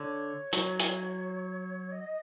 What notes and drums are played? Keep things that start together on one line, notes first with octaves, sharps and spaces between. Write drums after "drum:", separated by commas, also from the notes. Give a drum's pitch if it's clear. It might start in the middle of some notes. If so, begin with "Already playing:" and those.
Already playing: D3 C#5
F#3, drum: hi-hat
drum: hi-hat
D#5